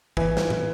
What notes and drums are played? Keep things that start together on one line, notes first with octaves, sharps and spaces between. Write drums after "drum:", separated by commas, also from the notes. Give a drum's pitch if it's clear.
E3, drum: kick
drum: snare
drum: tom A2